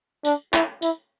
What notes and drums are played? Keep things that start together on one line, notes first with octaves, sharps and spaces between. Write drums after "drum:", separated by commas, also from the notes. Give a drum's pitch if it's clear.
D4, drum: tambourine
E4, drum: clap
E4, drum: tambourine